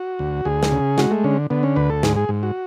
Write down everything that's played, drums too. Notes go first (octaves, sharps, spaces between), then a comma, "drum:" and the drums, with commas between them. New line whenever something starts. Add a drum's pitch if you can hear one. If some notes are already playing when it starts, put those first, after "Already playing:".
Already playing: F#4
D2
D2 G#4
drum: snare
C#3
G#3 F#4, drum: snare
A3
D3 C#4
D3 B3
C#4
D2 B4
A4
G#2 G#4, drum: snare
G#4
G#2
F#4